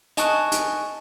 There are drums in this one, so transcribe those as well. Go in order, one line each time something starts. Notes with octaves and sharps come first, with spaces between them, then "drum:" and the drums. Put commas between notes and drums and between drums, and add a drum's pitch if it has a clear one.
D#5 G#5 A5 C#6 D#6 F#6, drum: hi-hat
drum: hi-hat